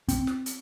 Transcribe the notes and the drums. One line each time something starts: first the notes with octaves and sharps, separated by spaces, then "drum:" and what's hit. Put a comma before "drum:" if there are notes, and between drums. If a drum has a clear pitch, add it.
C4, drum: kick, hi-hat
drum: snare
drum: hi-hat